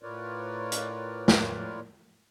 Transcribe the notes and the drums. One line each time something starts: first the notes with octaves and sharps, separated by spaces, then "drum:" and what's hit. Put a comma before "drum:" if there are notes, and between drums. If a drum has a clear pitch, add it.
A2 F4 A#4 B4 C#5 D5
drum: hi-hat
drum: snare